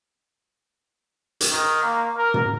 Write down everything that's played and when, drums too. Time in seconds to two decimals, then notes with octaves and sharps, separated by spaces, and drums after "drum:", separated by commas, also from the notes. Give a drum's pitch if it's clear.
1.41 drum: hi-hat
1.52 D#3
1.83 A#3
2.17 A#4
2.34 drum: tom